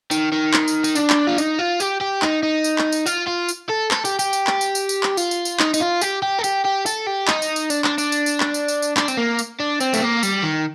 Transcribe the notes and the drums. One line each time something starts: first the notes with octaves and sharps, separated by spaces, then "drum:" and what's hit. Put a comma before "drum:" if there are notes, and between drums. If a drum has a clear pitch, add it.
D#3, drum: tambourine
D#3
drum: clap
drum: tambourine
D#4, drum: tambourine
D4, drum: tambourine
drum: clap
F4
D#4, drum: tambourine
F4
G4, drum: tambourine
G4
D#4, drum: clap
D#4
drum: tambourine
drum: clap
drum: tambourine
F4, drum: tambourine
F4
drum: tambourine
A4
A4, drum: clap
G4, drum: tambourine
G4, drum: tambourine
drum: tambourine
drum: clap
drum: tambourine
drum: tambourine
drum: tambourine
drum: clap
F4, drum: tambourine
drum: tambourine
drum: tambourine
D#4, drum: clap
D#4, drum: tambourine
F4
G4, drum: tambourine
G4
A4
G4, drum: tambourine
G4
A4, drum: tambourine
G4
D#4, drum: clap
drum: tambourine
drum: tambourine
D4, drum: tambourine
D4, drum: clap
D4, drum: tambourine
drum: tambourine
drum: tambourine
drum: clap
drum: tambourine
drum: tambourine
drum: tambourine
D4, drum: clap
C4, drum: tambourine
A#3
drum: tambourine
D4
C4, drum: tambourine
A3, drum: tambourine
A#3
G3, drum: tambourine
D#3